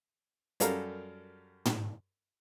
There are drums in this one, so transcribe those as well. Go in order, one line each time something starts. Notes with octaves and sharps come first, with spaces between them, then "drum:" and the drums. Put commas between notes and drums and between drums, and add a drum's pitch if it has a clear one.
F#2 G3 A4 A#4 F5 A#5, drum: hi-hat
drum: tom